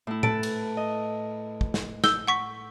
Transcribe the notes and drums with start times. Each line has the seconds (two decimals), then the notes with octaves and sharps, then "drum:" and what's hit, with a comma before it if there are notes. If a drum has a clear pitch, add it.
0.07 A2 E4
0.23 A4 B4 A5 D7, drum: tom A2
0.43 drum: cymbal
0.77 D#5
1.61 drum: kick
1.74 drum: snare
2.04 E6 G6 G7, drum: snare
2.28 F#5 C#6 B6